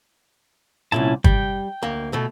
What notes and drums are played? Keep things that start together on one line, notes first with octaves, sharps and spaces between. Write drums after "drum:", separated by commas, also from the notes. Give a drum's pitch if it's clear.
C2 F#2 A#2 C#4 E4 A5
G3 G5, drum: kick
D2 A#3
B2 A3